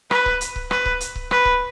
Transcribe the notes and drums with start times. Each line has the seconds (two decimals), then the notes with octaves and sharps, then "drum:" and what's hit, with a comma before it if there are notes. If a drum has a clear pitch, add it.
0.11 B4, drum: rim click
0.26 drum: kick C#1
0.41 drum: hi-hat
0.56 drum: kick C#1
0.71 B4, drum: rim click
0.86 drum: kick C#1
1.01 drum: hi-hat
1.15 drum: kick C#1
1.31 B4, drum: rim click
1.45 drum: kick C#1